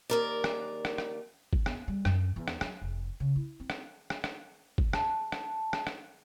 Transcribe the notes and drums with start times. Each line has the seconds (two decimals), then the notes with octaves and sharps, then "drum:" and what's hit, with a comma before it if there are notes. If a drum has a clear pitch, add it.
0.10 D#2 A#4 D5
0.44 drum: rim click
0.85 drum: rim click
0.98 drum: rim click
1.53 drum: kick
1.66 B3, drum: rim click
1.88 G3
2.05 F#2, drum: rim click
2.36 E2
2.48 drum: rim click
2.61 F#3, drum: rim click
2.82 F1
3.20 C#3
3.36 E4
3.60 C4
3.70 drum: rim click
4.10 drum: rim click
4.24 drum: rim click
4.78 drum: kick
4.93 A5, drum: rim click
5.32 drum: rim click
5.73 drum: rim click
5.87 drum: rim click